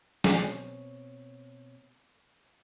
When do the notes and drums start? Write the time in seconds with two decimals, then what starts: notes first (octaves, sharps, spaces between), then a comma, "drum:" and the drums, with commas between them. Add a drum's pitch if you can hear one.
0.24 B2 B3 C4 C#5, drum: snare